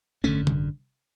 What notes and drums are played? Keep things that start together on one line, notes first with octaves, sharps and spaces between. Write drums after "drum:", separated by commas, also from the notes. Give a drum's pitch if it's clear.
G#1 F#2 D3 A3 C#4
drum: tom C3